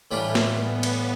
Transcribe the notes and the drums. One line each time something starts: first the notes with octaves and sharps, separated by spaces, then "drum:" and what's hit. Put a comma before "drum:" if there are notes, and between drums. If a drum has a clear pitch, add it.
A2 E3 G3 A3 D4 F4
drum: snare
B3
drum: cymbal